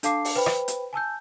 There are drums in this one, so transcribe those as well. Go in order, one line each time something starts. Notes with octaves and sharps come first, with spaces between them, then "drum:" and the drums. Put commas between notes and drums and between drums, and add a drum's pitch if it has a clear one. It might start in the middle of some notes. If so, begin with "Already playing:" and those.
D4 A4 F5 A5 D6 C7, drum: hi-hat
drum: open hi-hat
B4 C5 G5 B5
drum: rim click
drum: hi-hat
G#5 A5 E6 G6